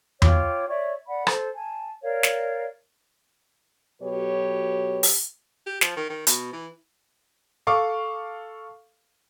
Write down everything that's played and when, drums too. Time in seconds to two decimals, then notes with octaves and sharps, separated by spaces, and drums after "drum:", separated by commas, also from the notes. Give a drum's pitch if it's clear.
0.22 F4 C#5 G5 D6, drum: tom E2
0.68 C#5 D5 E5 C#6
1.08 D5 F#5 B5
1.27 A4 C5, drum: rim click
1.56 G#5 A5
2.03 A#4 C#5 D5 F5
2.23 drum: snare
4.02 B2 F#3 G4 A4 B4 C#5
5.03 drum: open hi-hat
5.67 G4
5.81 F3, drum: snare
5.97 D#3
6.10 D#3
6.27 B2, drum: hi-hat
6.53 E3
7.67 A4 F5 C#6 D6